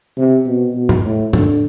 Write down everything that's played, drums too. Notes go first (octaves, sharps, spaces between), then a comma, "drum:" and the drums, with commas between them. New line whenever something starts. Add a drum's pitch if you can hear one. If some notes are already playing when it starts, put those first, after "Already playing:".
C3
B2
B2
drum: tom
A2
D3, drum: tom